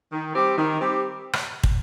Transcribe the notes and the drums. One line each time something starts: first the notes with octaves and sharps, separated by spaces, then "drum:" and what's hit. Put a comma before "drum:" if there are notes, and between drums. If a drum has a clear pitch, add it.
D#3
G3 C4 G4
D#3
G3 C4 G4
drum: rim click
drum: kick